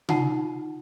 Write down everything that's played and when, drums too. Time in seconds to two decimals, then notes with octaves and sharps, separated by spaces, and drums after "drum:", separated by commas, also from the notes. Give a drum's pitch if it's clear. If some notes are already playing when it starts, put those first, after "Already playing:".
0.09 D#4 F4 F#5 A5, drum: tom C3